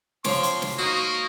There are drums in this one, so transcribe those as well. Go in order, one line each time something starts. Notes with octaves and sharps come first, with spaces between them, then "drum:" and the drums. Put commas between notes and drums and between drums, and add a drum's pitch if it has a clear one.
F3 C4 C#5 C6 D6, drum: snare
drum: hi-hat
drum: snare
A#3 D#4 F#4 C#6 D#6